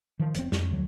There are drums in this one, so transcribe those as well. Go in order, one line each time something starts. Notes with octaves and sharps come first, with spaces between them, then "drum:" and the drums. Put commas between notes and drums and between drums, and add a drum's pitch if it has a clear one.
D#3 F3
F1 C4, drum: hi-hat
F2, drum: snare
D2 F#3